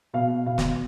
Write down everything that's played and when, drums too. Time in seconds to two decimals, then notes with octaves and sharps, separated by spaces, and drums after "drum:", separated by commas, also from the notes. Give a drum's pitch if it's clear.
0.14 B2 F5
0.46 B2 F5
0.58 drum: snare